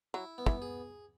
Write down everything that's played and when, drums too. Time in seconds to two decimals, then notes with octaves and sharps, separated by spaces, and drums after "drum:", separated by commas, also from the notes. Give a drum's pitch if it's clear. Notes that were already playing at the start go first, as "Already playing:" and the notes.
0.14 F#3 E4
0.38 B3
0.46 E3, drum: kick
0.62 G#4